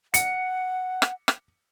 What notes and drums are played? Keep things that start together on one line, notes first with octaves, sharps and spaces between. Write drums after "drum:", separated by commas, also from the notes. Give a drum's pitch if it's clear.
F#5 C#7, drum: hi-hat
drum: rim click
drum: rim click